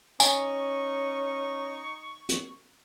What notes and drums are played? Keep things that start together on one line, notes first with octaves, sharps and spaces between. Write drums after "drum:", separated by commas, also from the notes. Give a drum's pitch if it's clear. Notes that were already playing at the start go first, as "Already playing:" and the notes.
C#4 D#4 G#5 C#6, drum: tambourine
drum: hi-hat